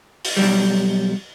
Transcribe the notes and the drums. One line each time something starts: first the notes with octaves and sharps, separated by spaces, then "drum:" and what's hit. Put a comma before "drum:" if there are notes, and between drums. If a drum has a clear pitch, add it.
drum: open hi-hat
B1 F2 F#3 G3